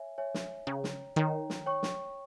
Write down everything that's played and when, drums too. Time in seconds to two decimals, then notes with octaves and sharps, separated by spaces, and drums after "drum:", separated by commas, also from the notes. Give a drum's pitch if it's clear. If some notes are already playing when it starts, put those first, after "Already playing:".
Already playing: C#5 E5 G#5
0.18 C#5 E5 G#5
0.34 drum: snare
0.67 C#3 C#5 G5 A#5
0.84 drum: snare
1.16 D#3 C#5 G5 A#5
1.50 drum: snare
1.66 C#5 G5 C#6
1.83 drum: snare